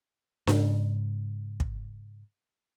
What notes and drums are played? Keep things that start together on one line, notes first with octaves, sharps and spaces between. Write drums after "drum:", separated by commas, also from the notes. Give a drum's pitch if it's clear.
G#2 C#3, drum: snare D4
drum: kick